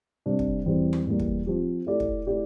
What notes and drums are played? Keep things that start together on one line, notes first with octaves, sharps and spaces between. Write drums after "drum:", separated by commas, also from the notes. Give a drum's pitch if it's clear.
C3 G3 D4
drum: kick
E2 E3 G3 C4
drum: tom F#3
E2 E3 G3 A#3
drum: kick
F3 C4 G4
A3 E4 G4 D5
drum: kick
A3 E4 G4 D5